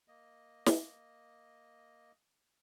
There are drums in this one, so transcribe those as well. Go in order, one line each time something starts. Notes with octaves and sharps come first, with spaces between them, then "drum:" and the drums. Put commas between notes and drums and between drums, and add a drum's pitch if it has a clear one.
A#3 D#5
drum: snare